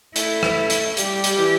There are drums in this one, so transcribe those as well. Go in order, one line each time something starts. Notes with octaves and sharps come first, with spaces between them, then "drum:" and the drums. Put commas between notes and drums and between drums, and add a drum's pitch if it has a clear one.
A3 E4, drum: hi-hat
drum: rim click
drum: hi-hat
G3 G4, drum: hi-hat
drum: hi-hat
E3